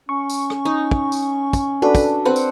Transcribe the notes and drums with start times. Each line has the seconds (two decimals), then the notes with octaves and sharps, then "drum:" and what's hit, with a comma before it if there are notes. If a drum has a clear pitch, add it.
0.09 C#4 C#6
0.30 drum: tambourine
0.50 drum: rim click
0.65 D#4
0.91 drum: kick
1.12 drum: tambourine
1.53 drum: kick, tambourine
1.82 D4 F#4 A4 B4
1.95 drum: kick, tambourine
2.25 C4 B4 F#5
2.36 drum: tambourine